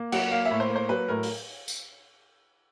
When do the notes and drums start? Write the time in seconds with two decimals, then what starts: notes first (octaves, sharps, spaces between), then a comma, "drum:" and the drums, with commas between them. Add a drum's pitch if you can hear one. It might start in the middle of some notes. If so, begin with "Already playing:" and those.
Already playing: A#3
0.12 F#3 F#5, drum: cymbal
0.31 A#3 F5
0.45 E5
0.51 A2
0.60 C5
0.70 A#3
0.76 C5
0.89 F#3 B4
1.09 A2 A#4
1.23 drum: open hi-hat
1.68 drum: tambourine